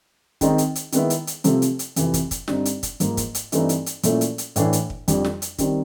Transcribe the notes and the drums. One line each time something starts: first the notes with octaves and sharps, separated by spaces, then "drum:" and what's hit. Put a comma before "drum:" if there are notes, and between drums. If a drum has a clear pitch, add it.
D#3 G#3 C4 D#4, drum: kick, hi-hat
drum: hi-hat
drum: hi-hat
D#3 G#3 B3 E4, drum: hi-hat
drum: hi-hat
drum: hi-hat
C3 F3 A3, drum: hi-hat
drum: hi-hat
drum: hi-hat
F2 C3 E3 A3, drum: hi-hat
drum: kick, hi-hat
drum: kick, hi-hat
G2 D3 G3 C4 D#4, drum: snare
drum: hi-hat
drum: kick, hi-hat
G#2 F3 A#3, drum: hi-hat
drum: kick, hi-hat
drum: hi-hat
G2 E3 A3 C4 D#4, drum: hi-hat
drum: hi-hat
drum: hi-hat
A#2 F3 A3 C#4 E4, drum: hi-hat
drum: hi-hat
drum: hi-hat
A2 E3 A3 D4, drum: hi-hat
drum: hi-hat
drum: kick
F2 D3 G3, drum: kick, hi-hat
drum: snare
drum: hi-hat
D#3 G3 C4 D#4, drum: kick, hi-hat